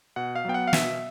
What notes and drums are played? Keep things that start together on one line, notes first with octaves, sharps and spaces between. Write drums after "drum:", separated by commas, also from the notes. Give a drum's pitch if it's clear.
B2 F#5
F5
F#3 B3 G5
F#5
F5
B2 E5, drum: snare